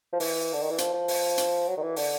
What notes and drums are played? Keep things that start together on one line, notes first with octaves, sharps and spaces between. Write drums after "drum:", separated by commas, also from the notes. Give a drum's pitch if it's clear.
F3
E3, drum: open hi-hat
D3
D#3
E3
F3, drum: hi-hat
F3
drum: open hi-hat
drum: hi-hat
F#3
D#3
E3
D3, drum: open hi-hat